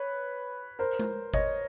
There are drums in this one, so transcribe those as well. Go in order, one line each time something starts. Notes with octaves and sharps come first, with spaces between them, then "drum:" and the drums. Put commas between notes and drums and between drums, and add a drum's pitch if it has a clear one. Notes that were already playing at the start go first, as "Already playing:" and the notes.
Already playing: B4 C#5
A#4 C5
drum: tom G#3
C#5 D#5, drum: kick G1